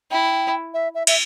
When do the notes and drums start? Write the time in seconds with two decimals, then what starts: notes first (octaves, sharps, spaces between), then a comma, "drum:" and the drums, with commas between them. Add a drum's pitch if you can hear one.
0.11 E4 G5
0.74 E5
0.95 E5
1.07 E5, drum: cymbal